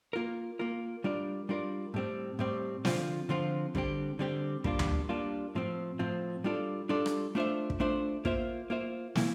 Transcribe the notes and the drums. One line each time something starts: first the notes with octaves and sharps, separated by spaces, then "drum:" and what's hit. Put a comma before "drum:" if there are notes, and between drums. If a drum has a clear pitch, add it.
A#3 F4 A#4
A#3 F4 A#4
G3 D4 F4 A#4 D5
G3 D4 F4 A#4 D5
A2 G3 C4
A2 G3 C4
D3 F3 C4 F4, drum: snare
D3 F3 C4 F4
D3 G3 C4 G4, drum: kick
D3 G3 C4 G4
G3 A#3 D4 F4, drum: kick
drum: tom D2
G3 A#3 D4 F4
A2 F3 C4
A2 F3 C4
G3 D4 F4 A4 D5
G3 D4 F4 A4 D5
drum: rim click
A3 D4 F4 C5 E5
drum: kick
A3 D4 F4 C5 E5
A#3 F4 C5 E5, drum: kick
A#3 F4 C5 E5
E3 A#3 E4, drum: snare